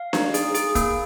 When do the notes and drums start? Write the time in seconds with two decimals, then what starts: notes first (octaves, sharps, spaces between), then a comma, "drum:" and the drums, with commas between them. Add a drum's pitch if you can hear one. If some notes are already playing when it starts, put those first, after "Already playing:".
Already playing: F5
0.13 D#4, drum: snare D4
0.34 G#4, drum: hi-hat
0.55 G#4, drum: hi-hat
0.75 A#3, drum: kick, hi-hat